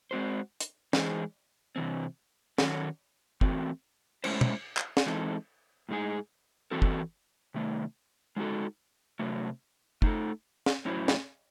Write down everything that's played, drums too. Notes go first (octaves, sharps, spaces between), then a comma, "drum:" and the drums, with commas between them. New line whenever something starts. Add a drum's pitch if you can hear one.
G#3 C4 F#4 C5
drum: hi-hat
E3 G#3 D#4 G#4 C5, drum: snare
C3 E3 C4
D#3 F#3 C#4 F#4 A4, drum: snare
E3 A3 C4 F#4, drum: kick
A2 G#3 C#4 E4 C5, drum: cymbal
drum: tom
drum: clap
drum: snare
E3 G#3 C4 D#4 A4
A2 G#3 D#4 G#4
E3 C4 F#4 A4
drum: kick
C3 D#3 A3
G#3 D#4 F#4 A4
C3 F#3 A3
A3 D#4 A4, drum: kick
drum: snare
A2 F#3 C#4 E4 C5
drum: snare